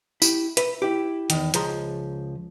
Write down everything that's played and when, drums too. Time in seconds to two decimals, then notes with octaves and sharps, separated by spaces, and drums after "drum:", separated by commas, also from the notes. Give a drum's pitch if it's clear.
0.22 E4 G4, drum: tambourine
0.57 B4 E5, drum: hi-hat
0.82 E4 G4
1.30 E2 D#3, drum: hi-hat
1.54 C#2 F3 G#4 A#5 C6, drum: hi-hat